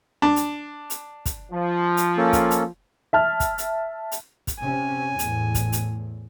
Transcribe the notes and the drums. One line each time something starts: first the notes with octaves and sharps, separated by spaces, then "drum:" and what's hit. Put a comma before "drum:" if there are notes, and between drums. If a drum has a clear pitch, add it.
D4
drum: hi-hat
drum: hi-hat
drum: kick, hi-hat
F3
drum: hi-hat
A#3 C#4 A4
drum: kick, hi-hat
drum: hi-hat
E5 A5 F6
drum: kick, hi-hat
drum: hi-hat
drum: hi-hat
drum: kick, hi-hat
C3 C#4 G#5
E2 A2, drum: hi-hat
drum: kick, hi-hat
drum: hi-hat